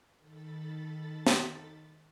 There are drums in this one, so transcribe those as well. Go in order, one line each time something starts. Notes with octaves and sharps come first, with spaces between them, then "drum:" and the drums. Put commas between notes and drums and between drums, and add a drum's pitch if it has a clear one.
D#3 A4 B5 A6
drum: snare